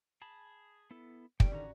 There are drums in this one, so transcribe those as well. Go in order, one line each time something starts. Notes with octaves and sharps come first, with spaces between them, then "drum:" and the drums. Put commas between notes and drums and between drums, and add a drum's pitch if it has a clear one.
G#4 A5 B5
B3 E4 A4
D#3 F3 G3 A3 G5, drum: kick
D3 D#3 C#4 F#4 A#5